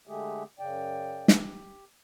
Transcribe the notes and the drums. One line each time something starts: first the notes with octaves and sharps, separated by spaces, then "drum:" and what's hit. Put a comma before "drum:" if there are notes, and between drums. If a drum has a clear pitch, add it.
D3 G#3 A3 G4 G#4
F#2 C#3 D5 G5
G4, drum: snare